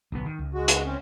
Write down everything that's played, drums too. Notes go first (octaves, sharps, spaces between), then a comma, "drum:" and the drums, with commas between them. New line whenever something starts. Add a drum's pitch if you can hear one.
D1 B1 B3
D#3
C#2
G#3 F#4
drum: hi-hat
C4 C#4